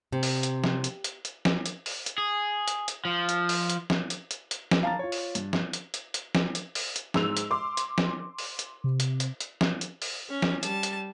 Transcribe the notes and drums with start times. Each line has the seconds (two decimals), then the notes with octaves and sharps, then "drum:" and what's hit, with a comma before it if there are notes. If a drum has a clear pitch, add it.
0.12 C3
0.23 drum: open hi-hat
0.43 drum: hi-hat
0.64 drum: snare
0.84 drum: hi-hat
1.04 drum: hi-hat
1.25 drum: hi-hat
1.45 drum: snare
1.66 drum: hi-hat
1.86 drum: open hi-hat
2.06 drum: hi-hat
2.18 G#4
2.68 drum: hi-hat
2.88 drum: hi-hat
3.05 F3
3.29 drum: hi-hat
3.49 drum: open hi-hat
3.69 drum: hi-hat
3.90 drum: snare
4.10 drum: hi-hat
4.31 drum: hi-hat
4.51 drum: hi-hat
4.71 drum: snare
4.83 F5 A5 A#5 A6
4.99 F4 C#5
5.12 drum: open hi-hat
5.35 G2, drum: hi-hat
5.53 drum: snare
5.73 drum: hi-hat
5.94 drum: hi-hat
6.14 drum: hi-hat
6.35 drum: snare
6.55 drum: hi-hat
6.75 drum: open hi-hat
6.96 drum: hi-hat
7.14 G#2 E6 F7, drum: snare
7.37 drum: hi-hat
7.51 C6 D6
7.77 drum: hi-hat
7.98 drum: snare
8.39 drum: open hi-hat
8.59 drum: hi-hat
8.84 C3
9.00 drum: hi-hat
9.20 drum: hi-hat
9.40 drum: hi-hat
9.61 drum: snare
9.81 drum: hi-hat
10.02 drum: open hi-hat
10.30 C#4
10.42 drum: snare
10.63 G3 A5, drum: hi-hat
10.83 drum: hi-hat